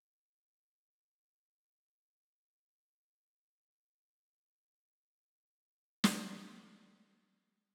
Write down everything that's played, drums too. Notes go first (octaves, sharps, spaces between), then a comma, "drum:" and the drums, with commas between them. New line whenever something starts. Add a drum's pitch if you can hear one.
D4
B3
C#5
A#4 D5 G#6 A6 C7
drum: snare